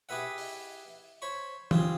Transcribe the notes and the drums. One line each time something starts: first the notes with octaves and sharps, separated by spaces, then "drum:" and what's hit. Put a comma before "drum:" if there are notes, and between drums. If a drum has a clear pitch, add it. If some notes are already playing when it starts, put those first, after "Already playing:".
E4 G4 G#4 B4 E5 F#5
drum: open hi-hat
C5 C#5 B5 C#6
C4 F4 G4 G#4, drum: tom